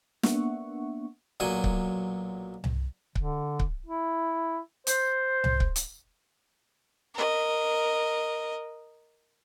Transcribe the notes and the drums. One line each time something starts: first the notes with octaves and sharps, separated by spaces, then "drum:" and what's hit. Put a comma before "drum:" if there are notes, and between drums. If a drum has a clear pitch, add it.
A#3 B3 D4 E5 F#5 C#6, drum: snare
B1 A#2 F#3 G#5 C#6
drum: kick C#1
drum: tom C2
D3, drum: kick C#1
drum: kick C#1
E4
C5, drum: hi-hat
drum: tom C2
drum: kick C#1
drum: hi-hat
A#4 D#5